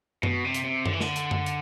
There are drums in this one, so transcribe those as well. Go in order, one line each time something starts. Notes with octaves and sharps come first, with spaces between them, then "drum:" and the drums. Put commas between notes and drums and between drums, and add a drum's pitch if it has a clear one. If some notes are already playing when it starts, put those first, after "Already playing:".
B2, drum: tom F#2
C3
drum: hi-hat
C3
D3, drum: tom F#2
E3
D3, drum: snare
drum: hi-hat
drum: tom F#2
drum: hi-hat